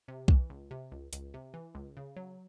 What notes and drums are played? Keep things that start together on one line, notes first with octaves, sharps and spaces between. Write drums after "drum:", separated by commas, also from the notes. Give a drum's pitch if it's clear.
C3
E3, drum: kick B1
C#2
C3
C#2
C#2, drum: hi-hat
C3
E3
C#2
C#3
F#3